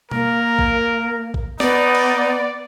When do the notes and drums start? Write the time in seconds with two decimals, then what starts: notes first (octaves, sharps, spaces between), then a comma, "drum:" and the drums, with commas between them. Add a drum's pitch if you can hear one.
0.11 A#3 A#4, drum: tom
0.59 drum: kick A#1
1.34 drum: kick A#1
1.60 B3 D#4 D5, drum: snare
1.95 drum: cymbal